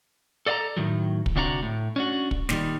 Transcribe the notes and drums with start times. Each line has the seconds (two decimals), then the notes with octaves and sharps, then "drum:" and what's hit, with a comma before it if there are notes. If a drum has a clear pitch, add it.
0.46 A4 D5 D#5 F5 A5 A#5
0.77 A2 D#3 F#3
1.26 drum: kick
1.36 D2 C3 D4 F#4 D5 A#5
1.63 A2
1.96 C#4 D4 F#4
2.31 drum: kick
2.49 A#2 D#3 G3, drum: snare